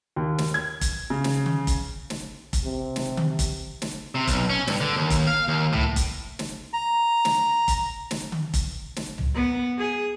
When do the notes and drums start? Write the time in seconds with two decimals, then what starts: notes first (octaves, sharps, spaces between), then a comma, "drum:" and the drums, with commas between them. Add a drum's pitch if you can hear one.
0.16 D#2
0.38 drum: snare
0.54 G#6
0.81 drum: kick F1, hi-hat
1.10 C#3
1.24 drum: snare
1.46 drum: tom D3
1.67 drum: kick F1, hi-hat
2.10 drum: snare
2.53 drum: kick F1, hi-hat
2.64 C3
2.96 drum: snare
3.17 drum: tom D3
3.39 drum: kick F1, hi-hat
3.82 drum: snare
4.15 C3
4.27 B1, drum: kick F1, hi-hat
4.50 C#4
4.67 G2, drum: snare
4.81 D3
4.96 D#2
5.10 drum: kick F1, hi-hat
5.27 F5
5.48 D#2
5.73 A2, drum: tom
5.96 drum: kick F1, hi-hat
6.39 drum: snare
6.73 A#5
7.25 drum: snare
7.68 drum: kick F1, hi-hat
8.11 drum: snare
8.32 drum: tom D3
8.54 drum: kick F1, hi-hat
8.96 drum: snare
9.18 drum: tom
9.35 B3
9.79 G#4